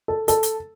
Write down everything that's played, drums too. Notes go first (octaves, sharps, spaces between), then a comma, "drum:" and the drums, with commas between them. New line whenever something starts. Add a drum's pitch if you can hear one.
A4
A4, drum: hi-hat
drum: hi-hat